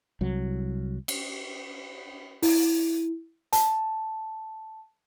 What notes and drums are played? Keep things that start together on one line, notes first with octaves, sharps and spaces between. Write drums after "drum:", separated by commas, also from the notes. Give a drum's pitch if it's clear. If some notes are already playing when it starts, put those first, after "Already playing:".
C2 F#3
drum: cymbal
E4, drum: open hi-hat
A5, drum: hi-hat